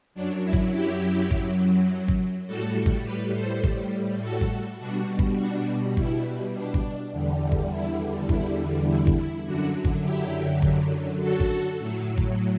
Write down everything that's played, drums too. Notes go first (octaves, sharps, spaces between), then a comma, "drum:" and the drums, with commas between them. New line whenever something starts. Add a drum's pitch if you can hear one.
F#2 F#3 D4
E4
drum: kick G#1
E4 G4
drum: kick G#1
drum: kick G#1
A2 G3 F#4 A4
drum: kick G#1
G4 B4
A4 C5
drum: kick G#1
F#4 A4
drum: kick G#1
B2 G3 D4 F#4
drum: kick G#1
D4 F#4
E4, drum: kick G#1
D4
drum: kick G#1
E2 D3 G3
drum: kick G#1
E4
E4, drum: kick G#1
E4
drum: kick G#1
E4
F#2 D3 F#3 D4 F#4
drum: kick G#1
E4 G4
drum: kick G#1
F#4 A4
drum: kick G#1
A2 F#3
drum: kick G#1